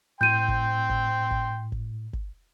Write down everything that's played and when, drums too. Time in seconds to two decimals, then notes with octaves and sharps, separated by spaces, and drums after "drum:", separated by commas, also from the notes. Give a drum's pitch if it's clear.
0.21 A2 G5 C6 G6 D#7
0.48 drum: kick G1
0.90 drum: kick G1
1.31 drum: kick G1
1.72 drum: kick G1
2.13 drum: kick G1